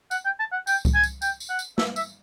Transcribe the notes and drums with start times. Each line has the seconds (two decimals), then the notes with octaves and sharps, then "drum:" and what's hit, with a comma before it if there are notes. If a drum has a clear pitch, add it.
0.11 F#5, drum: tambourine
0.25 G5
0.39 A5
0.52 F#5
0.67 G5, drum: tambourine
0.85 drum: kick C2, tambourine
0.94 G#5
1.03 drum: tambourine
1.22 G5, drum: tambourine
1.40 drum: tambourine
1.50 F#5
1.59 drum: tambourine
1.78 E5, drum: snare
1.96 E5, drum: tambourine